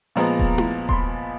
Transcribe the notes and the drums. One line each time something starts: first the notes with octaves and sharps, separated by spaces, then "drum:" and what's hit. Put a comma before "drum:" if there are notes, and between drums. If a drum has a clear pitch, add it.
A#2 F3 G#3 B3 A#5
drum: kick D#1
drum: tom E4
C6, drum: kick D#1
B5